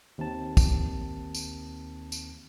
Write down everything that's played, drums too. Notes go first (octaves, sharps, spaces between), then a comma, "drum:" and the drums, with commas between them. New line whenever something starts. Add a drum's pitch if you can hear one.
D#2 C4 A5
drum: kick, tambourine
drum: tambourine
drum: tambourine